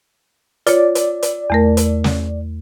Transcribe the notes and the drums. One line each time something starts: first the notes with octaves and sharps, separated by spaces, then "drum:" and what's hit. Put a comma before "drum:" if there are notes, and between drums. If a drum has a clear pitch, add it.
F4 C#5 D5, drum: hi-hat
drum: hi-hat
drum: hi-hat
E2 A3 A#4
drum: hi-hat
drum: snare